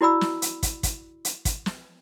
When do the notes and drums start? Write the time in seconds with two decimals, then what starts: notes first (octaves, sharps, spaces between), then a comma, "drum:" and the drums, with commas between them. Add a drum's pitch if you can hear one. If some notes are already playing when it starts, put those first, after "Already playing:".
0.01 E4 F#4 D5 B5 E6
0.21 drum: snare
0.42 drum: hi-hat
0.63 drum: kick, hi-hat
0.83 drum: kick, hi-hat
1.25 drum: hi-hat
1.45 drum: kick, hi-hat
1.66 drum: snare